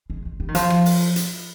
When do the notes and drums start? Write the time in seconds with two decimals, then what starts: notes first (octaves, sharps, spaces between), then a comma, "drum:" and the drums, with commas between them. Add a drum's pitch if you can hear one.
0.10 G#3
0.25 G#3
0.40 G3
0.48 D#3
0.55 F3, drum: hi-hat
0.70 drum: rim click
0.86 drum: open hi-hat
1.16 drum: hi-hat